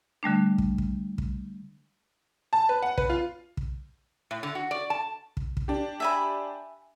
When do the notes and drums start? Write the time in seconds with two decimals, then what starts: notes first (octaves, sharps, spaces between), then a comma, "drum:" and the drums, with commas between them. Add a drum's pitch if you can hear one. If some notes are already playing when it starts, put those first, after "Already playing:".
0.23 D3 G3 A3 D4
0.58 drum: kick
0.78 drum: kick
1.18 drum: kick
2.53 A5
2.69 B4
2.83 F#5
2.98 B4, drum: kick
3.10 F4
3.57 drum: kick
4.31 A2
4.43 D3
4.55 F#4
4.71 D5
4.90 A5
5.37 drum: kick
5.57 drum: kick
5.68 D4 G4
6.00 E5 G#5 B5